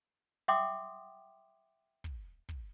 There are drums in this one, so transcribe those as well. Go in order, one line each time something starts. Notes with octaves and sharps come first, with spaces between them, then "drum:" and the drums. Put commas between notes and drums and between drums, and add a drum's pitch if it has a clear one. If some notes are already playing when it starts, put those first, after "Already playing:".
E5 F#5 G5 C6 D6 D#6
drum: kick
drum: kick